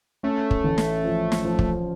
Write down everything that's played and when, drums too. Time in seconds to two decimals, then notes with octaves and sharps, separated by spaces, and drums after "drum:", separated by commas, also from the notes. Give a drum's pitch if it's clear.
0.23 A3 C#4
0.51 drum: kick
0.64 A1
0.78 drum: snare
1.04 F3
1.32 drum: snare
1.45 F3
1.59 drum: kick